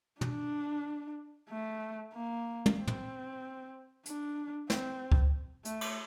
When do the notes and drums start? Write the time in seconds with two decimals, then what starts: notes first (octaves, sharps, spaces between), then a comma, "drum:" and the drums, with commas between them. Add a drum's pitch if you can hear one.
0.21 D4, drum: tom
1.49 A3
2.13 A#3
2.66 drum: tom
2.78 C4
2.87 drum: tom
4.06 D4, drum: hi-hat
4.70 C4, drum: snare
5.12 drum: kick C#2
5.65 A3, drum: hi-hat
5.81 drum: cymbal